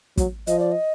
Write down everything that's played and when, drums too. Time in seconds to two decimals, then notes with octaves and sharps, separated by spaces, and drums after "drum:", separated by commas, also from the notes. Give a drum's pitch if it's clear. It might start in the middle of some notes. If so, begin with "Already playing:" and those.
0.17 F#3, drum: kick, hi-hat
0.47 F3 D#5, drum: hi-hat
0.60 D5
0.72 D#5